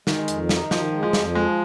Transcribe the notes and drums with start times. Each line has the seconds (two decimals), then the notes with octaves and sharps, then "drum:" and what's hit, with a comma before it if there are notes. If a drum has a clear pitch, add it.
0.07 D#3 G#3, drum: snare
0.28 F2, drum: hi-hat
0.49 D#4, drum: snare
0.71 D#3 F3, drum: snare
0.92 G#3
1.03 F3
1.13 F2, drum: snare
1.35 F3 G#3